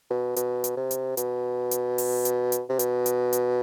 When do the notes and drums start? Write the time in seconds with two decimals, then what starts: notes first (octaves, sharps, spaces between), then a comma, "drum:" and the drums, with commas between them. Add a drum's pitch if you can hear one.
0.10 B2
0.36 B2, drum: hi-hat
0.64 drum: hi-hat
0.77 C3
0.91 drum: hi-hat
1.17 B2, drum: hi-hat
1.71 drum: hi-hat
1.98 drum: open hi-hat
2.25 drum: hi-hat
2.52 drum: hi-hat
2.70 C3
2.79 B2, drum: hi-hat
3.06 drum: hi-hat
3.33 drum: hi-hat